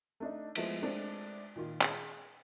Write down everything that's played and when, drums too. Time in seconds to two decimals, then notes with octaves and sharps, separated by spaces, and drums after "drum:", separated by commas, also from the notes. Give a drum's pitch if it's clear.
0.20 A3 D4 D#4
0.55 F3 G#3 A3 B3 E4 F4, drum: cymbal
0.82 G#3 A3 C4 D4
1.56 A#2 D#3 F4
1.81 G#4, drum: clap